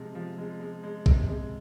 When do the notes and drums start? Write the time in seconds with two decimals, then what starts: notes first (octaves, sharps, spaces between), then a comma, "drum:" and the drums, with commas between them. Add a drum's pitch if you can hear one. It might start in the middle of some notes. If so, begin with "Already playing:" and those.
Already playing: C3 F3 G#3
0.15 F3
0.38 G#3
0.60 G#3
0.83 G#3
1.06 C3, drum: kick
1.27 G#3